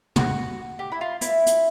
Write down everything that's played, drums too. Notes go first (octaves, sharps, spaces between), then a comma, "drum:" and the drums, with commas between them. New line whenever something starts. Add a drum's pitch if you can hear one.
F#4, drum: tom
G4
E4
F4
E4, drum: hi-hat
drum: hi-hat